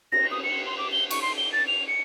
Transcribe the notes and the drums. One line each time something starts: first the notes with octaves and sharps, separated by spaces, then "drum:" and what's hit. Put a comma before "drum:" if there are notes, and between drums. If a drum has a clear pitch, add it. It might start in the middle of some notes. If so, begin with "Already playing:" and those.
A#6, drum: cymbal
D#6
C#7
C6
D6
G7
C#6, drum: cymbal
C6
G7
A6
F7
C#7